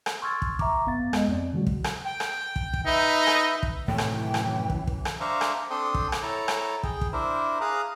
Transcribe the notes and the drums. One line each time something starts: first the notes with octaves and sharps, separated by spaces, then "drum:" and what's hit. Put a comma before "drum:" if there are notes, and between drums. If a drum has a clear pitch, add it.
drum: rim click
C6 C#6 E6 F6 G#6 A6
drum: kick
E5 A#5 C#6 D6, drum: kick
G#1 F#2 B3 F5 A6
G#3 B3 D#5, drum: rim click
F2 C4 D5
C#3 E3 F#3 G#3 F#4
drum: kick
drum: rim click
G5
drum: rim click
drum: kick
drum: kick
D#4 B4 E5
drum: rim click
drum: kick
F#2 A2 C3 D#3 E3 G5
drum: rim click
drum: rim click
drum: kick
drum: kick
drum: rim click
D4 C5 E5 F5 A#5 C#6
drum: rim click
C4 D4 A4 G5 C6 D#6
drum: kick
drum: rim click
E4 A4 C#5 A5 A#5
drum: rim click
G#4 G5, drum: kick
drum: kick
D4 E4 A#4 C5 E5
G#4 F5 A#5 D#6 F#6